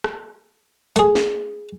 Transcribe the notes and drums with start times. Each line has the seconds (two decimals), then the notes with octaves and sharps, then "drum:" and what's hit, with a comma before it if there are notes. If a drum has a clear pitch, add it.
0.04 drum: rim click
0.96 A3 G#4, drum: hi-hat
1.15 drum: snare